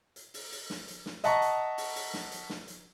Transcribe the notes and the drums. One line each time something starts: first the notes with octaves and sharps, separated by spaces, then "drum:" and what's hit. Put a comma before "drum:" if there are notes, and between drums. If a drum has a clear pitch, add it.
drum: hi-hat
drum: open hi-hat
drum: open hi-hat
drum: snare
drum: hi-hat
drum: snare
D#5 E5 F#5 A5 A#5 C#6, drum: hi-hat
drum: hi-hat
drum: open hi-hat
drum: open hi-hat
drum: snare
drum: hi-hat
drum: snare
drum: hi-hat